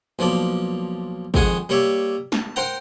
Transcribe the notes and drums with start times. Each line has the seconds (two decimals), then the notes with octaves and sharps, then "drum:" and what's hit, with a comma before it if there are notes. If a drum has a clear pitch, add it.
0.19 B1 F3 A#3 D5 A5
1.34 F2 D#3 G#3 G#4 F#5, drum: kick
1.69 G3 A#3 C#5 D5 E5
2.32 A5, drum: snare
2.56 A#4 C5 F#5 G5 A#5